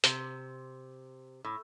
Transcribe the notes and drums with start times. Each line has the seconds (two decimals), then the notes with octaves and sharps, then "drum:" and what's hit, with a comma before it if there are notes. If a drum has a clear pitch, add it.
0.04 C3, drum: hi-hat
1.45 A2